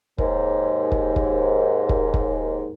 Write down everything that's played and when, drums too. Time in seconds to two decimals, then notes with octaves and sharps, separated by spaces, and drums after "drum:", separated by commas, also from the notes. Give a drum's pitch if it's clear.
0.18 D#2 G#2, drum: kick
0.92 drum: kick
1.16 drum: kick
1.89 drum: kick
2.14 drum: kick